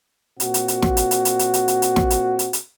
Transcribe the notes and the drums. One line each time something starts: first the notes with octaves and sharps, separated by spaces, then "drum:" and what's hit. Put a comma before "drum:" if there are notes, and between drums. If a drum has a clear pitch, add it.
A#2 C4 F#4, drum: hi-hat
drum: hi-hat
drum: hi-hat
drum: snare
drum: hi-hat
drum: hi-hat
drum: hi-hat
drum: hi-hat
drum: hi-hat
drum: hi-hat
drum: hi-hat
drum: snare
drum: hi-hat
drum: hi-hat
drum: hi-hat